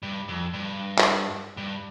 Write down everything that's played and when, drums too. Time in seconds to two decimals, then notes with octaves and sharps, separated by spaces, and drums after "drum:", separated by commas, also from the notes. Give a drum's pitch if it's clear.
0.03 G2
0.28 F2
0.53 G2
0.99 drum: clap
1.57 G2